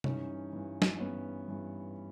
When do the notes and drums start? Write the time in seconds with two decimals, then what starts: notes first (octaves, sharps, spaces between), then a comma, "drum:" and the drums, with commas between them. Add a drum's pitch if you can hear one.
0.04 G2 E3 C#4 D#4, drum: tom C3
0.53 G2 E3
0.82 drum: snare
1.00 G2 E3 B3 C#4
1.48 G2 E3